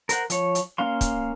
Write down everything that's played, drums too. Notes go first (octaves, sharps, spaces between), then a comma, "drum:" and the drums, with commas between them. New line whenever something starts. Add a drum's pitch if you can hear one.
A#4 C5 F#5, drum: hi-hat
F3 C#5, drum: hi-hat
drum: hi-hat
A#3 C#4 F5 C6
drum: kick, hi-hat